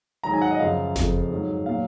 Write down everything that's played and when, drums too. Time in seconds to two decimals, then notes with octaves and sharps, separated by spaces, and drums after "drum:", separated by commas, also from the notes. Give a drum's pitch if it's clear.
0.23 G#2 D#3 F#3 A#5
0.33 G#5
0.42 F#5
0.51 D#5
0.59 F#2 C#3 F3 F5
0.96 F2 C#3 F3, drum: snare F#1
1.31 G#2 F#3
1.66 A#2 F#3 F5